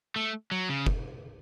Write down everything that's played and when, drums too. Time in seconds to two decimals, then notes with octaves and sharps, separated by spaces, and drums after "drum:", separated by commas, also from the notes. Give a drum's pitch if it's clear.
0.16 A3
0.51 F#3
0.69 C#3
0.86 drum: kick